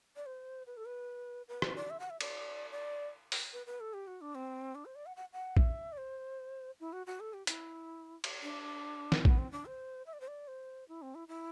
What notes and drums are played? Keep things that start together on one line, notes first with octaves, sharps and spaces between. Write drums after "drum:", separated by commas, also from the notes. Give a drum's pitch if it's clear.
D5
C5
B4
A4
B4
B4
C5, drum: rim click
D5
E5
F#5
E5
D5, drum: cymbal
D5
drum: open hi-hat
B4
B4
A4
G4
F#4
D4
C4
D4
C5
D5
F#5
F#5
F#5
E5, drum: kick A#1
D5
C5
E4
F#4
F#4
A4
G4
E4, drum: hi-hat
drum: cymbal
D4
drum: snare
B3, drum: kick A#1
C4
D4
C5
E5
D5
C5
D5
C5
E4
C4
E4
E4